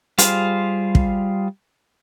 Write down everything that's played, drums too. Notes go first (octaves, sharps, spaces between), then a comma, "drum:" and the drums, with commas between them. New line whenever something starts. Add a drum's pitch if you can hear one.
G3 F4 G#4 C5 F5, drum: hi-hat
drum: kick